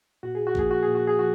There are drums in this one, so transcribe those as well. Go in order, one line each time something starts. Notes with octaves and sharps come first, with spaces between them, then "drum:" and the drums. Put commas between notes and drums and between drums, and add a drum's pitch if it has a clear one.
A#2 F#4
G#4
F#4
F3 A#3 G#4, drum: kick
F#4
A#2 G#4
F#4
G#4
F3 F#4